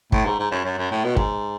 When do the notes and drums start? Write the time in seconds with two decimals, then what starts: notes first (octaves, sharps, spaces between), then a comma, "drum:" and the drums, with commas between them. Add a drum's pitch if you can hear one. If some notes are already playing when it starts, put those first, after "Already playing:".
0.12 A2, drum: kick
0.26 G#2
0.39 G#2
0.51 F#2
0.65 F#2
0.78 F#2
0.91 A2
1.04 B2
1.16 G#2, drum: kick